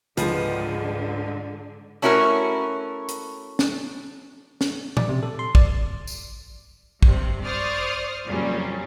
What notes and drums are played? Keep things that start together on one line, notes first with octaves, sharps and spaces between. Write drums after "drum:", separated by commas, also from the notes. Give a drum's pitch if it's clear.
C#2 G#2 D3 F3 G#3 B4 D#6, drum: hi-hat
A3 C#4 E4 F#4 A#4 C#5
drum: hi-hat
drum: snare
drum: snare
D5, drum: tom A#2
C3
A4
C6
D5, drum: kick
drum: tambourine
G2 C3, drum: kick
C5 D5 C#6 D#6 F6
F2 A#2 C#3 F#3 G3 C#4